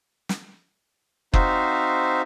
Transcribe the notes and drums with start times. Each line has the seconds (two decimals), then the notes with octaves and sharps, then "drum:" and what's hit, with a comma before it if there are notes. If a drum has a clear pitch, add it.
0.29 drum: snare
1.34 C4 D#4 F#4 C5 E5 F5, drum: kick F#1